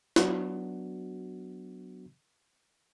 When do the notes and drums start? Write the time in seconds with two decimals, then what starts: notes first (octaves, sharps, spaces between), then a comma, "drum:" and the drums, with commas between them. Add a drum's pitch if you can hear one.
0.16 F#3 B3 D4 F#4, drum: snare